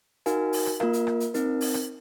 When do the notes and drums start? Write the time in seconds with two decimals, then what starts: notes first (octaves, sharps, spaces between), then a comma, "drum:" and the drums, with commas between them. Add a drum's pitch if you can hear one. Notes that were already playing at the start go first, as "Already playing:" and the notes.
0.26 D#4 F#4 A#4 F5 G#5, drum: hi-hat
0.53 drum: open hi-hat
0.66 drum: rim click
0.80 A#3 F4 A#4 F5, drum: rim click
0.93 drum: hi-hat
1.07 drum: rim click
1.20 drum: hi-hat
1.34 C4 D#4 A#4, drum: hi-hat
1.61 drum: open hi-hat
1.74 drum: rim click